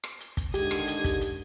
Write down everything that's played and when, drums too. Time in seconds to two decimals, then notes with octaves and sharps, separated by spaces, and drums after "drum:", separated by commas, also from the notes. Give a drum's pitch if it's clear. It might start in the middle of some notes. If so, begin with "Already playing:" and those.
0.04 drum: rim click
0.20 drum: hi-hat
0.37 drum: kick, hi-hat
0.54 D3 D#3 G#3 G4 D#6 G#6, drum: hi-hat
0.71 drum: rim click
0.88 drum: hi-hat
1.04 drum: kick, hi-hat
1.21 drum: hi-hat